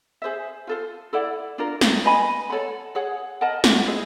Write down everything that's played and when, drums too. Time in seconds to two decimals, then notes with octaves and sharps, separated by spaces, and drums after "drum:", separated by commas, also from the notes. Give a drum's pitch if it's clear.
0.22 G#4 C5 E5
0.67 F4 A4 C5
1.13 E4 A4 D5 F#5
1.58 D4 F4 A#4
1.81 drum: snare
2.04 B4 D#5 G#5 B5
2.50 A4 C#5 F#5 B5
2.95 G#4 C#5 F#5
3.41 A#4 D#5 F#5 A5
3.64 drum: snare
3.87 E4 G#4 C5 D#5